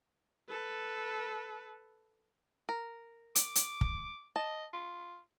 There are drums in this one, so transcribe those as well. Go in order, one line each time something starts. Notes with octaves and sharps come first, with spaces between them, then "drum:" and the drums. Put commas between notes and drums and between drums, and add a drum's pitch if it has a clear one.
A4 B4
A#4
D6, drum: hi-hat
drum: hi-hat
drum: kick
D#5 A5
F4